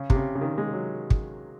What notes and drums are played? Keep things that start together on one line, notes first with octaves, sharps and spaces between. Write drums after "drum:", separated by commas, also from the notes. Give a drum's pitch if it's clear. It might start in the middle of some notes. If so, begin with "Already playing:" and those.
Already playing: C#3
C3, drum: kick
C#3
C#3
D#3
G#3
F#3
drum: kick